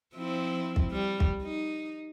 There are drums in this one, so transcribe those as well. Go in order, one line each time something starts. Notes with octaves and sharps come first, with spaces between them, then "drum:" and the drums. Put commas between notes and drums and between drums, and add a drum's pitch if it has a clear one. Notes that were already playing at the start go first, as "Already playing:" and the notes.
F3 C4 E4
drum: kick
G3
drum: kick
D#4